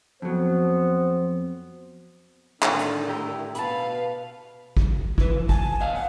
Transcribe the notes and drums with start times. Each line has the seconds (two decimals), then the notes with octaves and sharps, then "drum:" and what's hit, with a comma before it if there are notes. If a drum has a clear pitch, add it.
0.22 F2 F#3 B3 C5
2.62 A2 D3 D#3, drum: clap
2.79 drum: hi-hat
3.08 E4 G4 A#5
3.55 B2 B4 F5 A5 B5, drum: hi-hat
4.77 drum: kick
5.18 E4 B4, drum: kick
5.30 E3 F3
5.49 G#5 A5, drum: kick
5.80 B2 D#5 F5 G#5
5.95 F#5